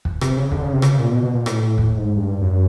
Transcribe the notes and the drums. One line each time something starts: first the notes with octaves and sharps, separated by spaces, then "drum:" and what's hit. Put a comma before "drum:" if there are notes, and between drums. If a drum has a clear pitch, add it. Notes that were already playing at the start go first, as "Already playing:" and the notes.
drum: kick
C3, drum: rim click
C#3
D3, drum: kick
C#3
C3
C#3, drum: rim click
A#2
B2
B2
A#2
A2, drum: rim click
drum: kick
G#2
G2
F#2